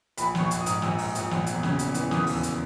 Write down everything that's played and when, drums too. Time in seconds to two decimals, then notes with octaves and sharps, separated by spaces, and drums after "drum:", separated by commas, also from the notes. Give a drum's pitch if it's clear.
0.17 A#1 B5, drum: hi-hat
0.35 A#1 C#6, drum: snare
0.51 A#1, drum: hi-hat
0.61 D#6
0.66 G#2, drum: hi-hat
0.82 A#1 E6, drum: snare
0.98 G#2, drum: open hi-hat
1.15 A#1, drum: hi-hat
1.31 A#1, drum: snare
1.46 E1, drum: hi-hat
1.63 C#3, drum: snare
1.79 E1, drum: hi-hat
1.94 E3, drum: hi-hat
2.11 D#2 D#6, drum: snare
2.27 E1, drum: open hi-hat
2.33 E6
2.43 drum: hi-hat